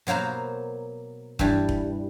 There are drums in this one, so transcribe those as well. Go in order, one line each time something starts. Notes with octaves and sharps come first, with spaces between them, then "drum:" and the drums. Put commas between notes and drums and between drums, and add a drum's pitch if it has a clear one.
B2 F#3 A#3 C5 A#5
G2 E3 G3, drum: kick E1
drum: kick E1